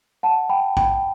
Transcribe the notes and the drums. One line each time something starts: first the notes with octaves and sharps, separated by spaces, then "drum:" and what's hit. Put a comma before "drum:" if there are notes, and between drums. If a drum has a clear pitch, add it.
F#5 A5
G5 B5
G5 B5, drum: kick A1